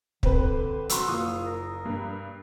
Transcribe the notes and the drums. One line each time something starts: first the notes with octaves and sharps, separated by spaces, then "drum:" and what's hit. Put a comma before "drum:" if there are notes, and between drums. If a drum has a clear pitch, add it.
D3 C4 B4, drum: kick
F#4 C6 C#6 E6, drum: hi-hat
F#1 F4 D#6
A#4
G2